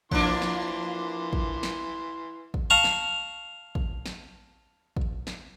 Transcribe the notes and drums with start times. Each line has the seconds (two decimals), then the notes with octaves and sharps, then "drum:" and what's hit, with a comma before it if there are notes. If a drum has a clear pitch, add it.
0.11 E3 F3 A#3 D4 C6, drum: kick
0.42 drum: snare
1.33 drum: kick
1.63 drum: snare
2.54 drum: kick
2.70 F5 A5 A#5 C#6
2.84 drum: snare
3.75 drum: kick
4.06 drum: snare
4.97 drum: kick
5.27 drum: snare